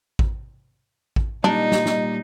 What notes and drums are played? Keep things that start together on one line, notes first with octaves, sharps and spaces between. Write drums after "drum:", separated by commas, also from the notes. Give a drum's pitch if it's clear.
drum: kick A1
drum: kick A1
A#2 G3 D4 D#4 D#5, drum: tom F#3
drum: snare
drum: snare